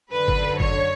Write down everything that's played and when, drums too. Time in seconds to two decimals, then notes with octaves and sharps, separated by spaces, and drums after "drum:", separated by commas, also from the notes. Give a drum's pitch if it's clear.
0.12 F#2 D3 B4
0.28 drum: kick G1
0.60 C#5, drum: kick G1